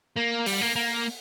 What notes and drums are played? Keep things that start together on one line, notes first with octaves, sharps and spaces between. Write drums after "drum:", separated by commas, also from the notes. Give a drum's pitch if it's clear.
A#3
G3, drum: open hi-hat
A#3
A#3